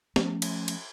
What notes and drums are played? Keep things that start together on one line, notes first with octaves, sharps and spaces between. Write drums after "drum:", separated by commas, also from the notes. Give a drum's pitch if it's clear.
F3 A3 C#4, drum: snare
drum: cymbal
drum: cymbal